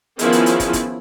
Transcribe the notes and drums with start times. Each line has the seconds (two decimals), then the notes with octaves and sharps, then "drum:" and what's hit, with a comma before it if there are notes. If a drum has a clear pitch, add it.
0.19 D#3 F3 B3 C#4 E4 G#4, drum: hi-hat
0.32 drum: hi-hat
0.46 drum: hi-hat
0.60 drum: kick, hi-hat
0.73 drum: kick, hi-hat